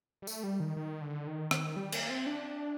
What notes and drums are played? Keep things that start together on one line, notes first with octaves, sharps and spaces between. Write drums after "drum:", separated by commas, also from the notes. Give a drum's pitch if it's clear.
G3
A3, drum: tambourine
G3
D#3
D#3
D3
D#3
D#3, drum: rim click
G3
A#3, drum: cymbal
C4
D4